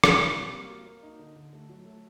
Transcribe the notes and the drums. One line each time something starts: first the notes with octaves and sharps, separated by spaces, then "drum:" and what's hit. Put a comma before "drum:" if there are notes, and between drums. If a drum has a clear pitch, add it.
G3, drum: rim click
C4
G3
A#3
F#4
A#3
D#4
D3
D3
A3
F#3
A3